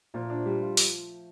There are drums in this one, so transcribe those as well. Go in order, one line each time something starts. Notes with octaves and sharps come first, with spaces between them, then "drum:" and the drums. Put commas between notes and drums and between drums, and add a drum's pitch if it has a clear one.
A#2 F3 A3
D4
G3
F4
drum: open hi-hat